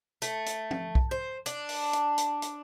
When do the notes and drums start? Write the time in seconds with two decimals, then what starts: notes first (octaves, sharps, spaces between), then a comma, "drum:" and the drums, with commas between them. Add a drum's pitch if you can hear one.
0.22 A3, drum: hi-hat
0.46 drum: hi-hat
0.71 drum: tom
0.95 drum: kick B1
1.11 C5
1.46 D4, drum: hi-hat
1.69 drum: open hi-hat
1.93 drum: hi-hat
2.18 drum: hi-hat
2.42 drum: hi-hat